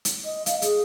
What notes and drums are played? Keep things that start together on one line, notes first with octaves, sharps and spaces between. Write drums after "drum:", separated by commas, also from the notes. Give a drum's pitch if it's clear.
drum: hi-hat
D#5
F5, drum: hi-hat
G#4, drum: hi-hat